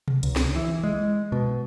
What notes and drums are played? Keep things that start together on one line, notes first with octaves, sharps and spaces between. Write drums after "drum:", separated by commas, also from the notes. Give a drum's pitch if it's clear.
drum: tom B2
C#2, drum: hi-hat
drum: snare
E3
G#3
B2